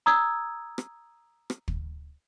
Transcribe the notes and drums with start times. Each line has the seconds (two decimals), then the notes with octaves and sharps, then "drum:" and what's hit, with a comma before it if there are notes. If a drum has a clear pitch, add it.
0.06 A#5 D#6 E6 G#6
0.78 drum: rim click
1.50 drum: rim click
1.68 drum: kick